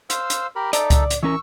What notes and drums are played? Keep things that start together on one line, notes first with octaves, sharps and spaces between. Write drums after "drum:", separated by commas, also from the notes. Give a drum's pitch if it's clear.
C5 F5 E6, drum: hi-hat
drum: hi-hat
G4 A#4 B5
D#4 A4 D5 E5, drum: hi-hat
drum: kick C#2, hi-hat
drum: hi-hat
E3 C#4 A#4 C#6 E6